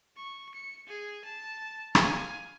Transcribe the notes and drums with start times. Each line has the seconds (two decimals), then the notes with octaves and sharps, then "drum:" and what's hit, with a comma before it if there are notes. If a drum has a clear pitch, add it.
0.17 C#6
0.55 C#7
0.88 G#4
1.25 A5
1.95 F5 G#5, drum: rim click